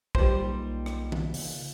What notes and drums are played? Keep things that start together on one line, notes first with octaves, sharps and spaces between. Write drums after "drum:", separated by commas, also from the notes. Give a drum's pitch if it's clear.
B1 A#2 G3 D#4 C5 C6, drum: kick
drum: rim click
drum: tom D#3
C#3, drum: open hi-hat